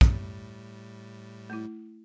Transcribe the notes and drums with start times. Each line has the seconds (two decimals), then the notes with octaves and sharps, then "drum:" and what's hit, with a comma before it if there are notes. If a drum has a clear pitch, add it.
0.01 A2 G3, drum: kick
1.50 A3 E4